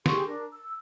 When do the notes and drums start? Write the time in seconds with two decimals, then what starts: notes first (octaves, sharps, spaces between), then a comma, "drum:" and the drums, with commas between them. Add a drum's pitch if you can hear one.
0.06 G4 G#4 C6 C#6, drum: snare
0.27 D4 A#4
0.52 E6